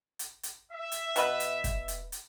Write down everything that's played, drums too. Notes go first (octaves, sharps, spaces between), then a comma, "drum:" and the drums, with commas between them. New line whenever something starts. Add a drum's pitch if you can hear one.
drum: hi-hat
drum: hi-hat
E5
drum: hi-hat
B2 B4, drum: hi-hat
drum: hi-hat
drum: kick, hi-hat
drum: hi-hat
drum: hi-hat